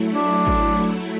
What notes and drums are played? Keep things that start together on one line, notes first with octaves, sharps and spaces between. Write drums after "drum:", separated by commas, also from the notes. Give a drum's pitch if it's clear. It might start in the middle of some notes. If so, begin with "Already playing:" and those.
Already playing: F#3 A3 E4
D4
drum: kick